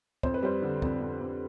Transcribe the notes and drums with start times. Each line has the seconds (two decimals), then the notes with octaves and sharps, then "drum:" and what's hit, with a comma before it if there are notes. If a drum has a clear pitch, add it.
0.23 F2 C5, drum: kick
0.34 B4
0.43 G3 C5
0.62 D3
0.82 F2, drum: kick
1.01 F2
1.21 F2